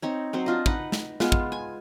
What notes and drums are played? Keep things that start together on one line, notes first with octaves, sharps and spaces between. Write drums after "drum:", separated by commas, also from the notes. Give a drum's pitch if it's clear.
C4 D#4 C#5
F#3 C4 C5
D4 F4 D#5
D#4 B4 F#5, drum: kick
drum: snare
G#3 B3 F4, drum: snare
drum: kick
G#5